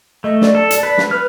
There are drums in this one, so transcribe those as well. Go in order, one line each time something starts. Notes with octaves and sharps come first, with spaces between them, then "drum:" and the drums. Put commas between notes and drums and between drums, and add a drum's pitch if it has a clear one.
A3 D#5
D5, drum: snare
A4
drum: hi-hat
B4
drum: snare
B4 F6